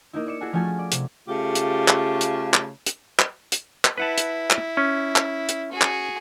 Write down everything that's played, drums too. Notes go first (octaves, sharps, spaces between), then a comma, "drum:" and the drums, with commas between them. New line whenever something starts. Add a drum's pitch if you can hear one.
A#3 D#4 E4
D5 C#7 E7
E4 F#4 G#4 A4
F3 A3 C#4 F#4 G#5
D5
C3, drum: hi-hat
C#3 A3 F4 G4
drum: hi-hat
drum: clap
drum: hi-hat
drum: clap
drum: hi-hat
drum: clap
drum: hi-hat
drum: clap
E4 B4 F#5 A5
drum: hi-hat
drum: clap
C#4
drum: clap
drum: hi-hat
F#4 G#4
drum: clap